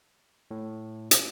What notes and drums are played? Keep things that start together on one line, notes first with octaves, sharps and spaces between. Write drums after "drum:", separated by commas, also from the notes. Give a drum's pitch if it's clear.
A2
drum: hi-hat